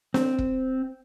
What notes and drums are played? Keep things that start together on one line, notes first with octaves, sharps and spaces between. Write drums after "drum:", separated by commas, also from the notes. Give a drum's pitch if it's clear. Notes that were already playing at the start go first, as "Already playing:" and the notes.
C4, drum: snare
drum: kick E1